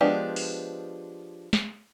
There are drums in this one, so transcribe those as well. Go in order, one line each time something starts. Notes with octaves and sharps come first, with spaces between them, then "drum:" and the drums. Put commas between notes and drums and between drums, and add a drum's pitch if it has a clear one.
F3 G#3 B3 D4 G4
drum: open hi-hat
drum: snare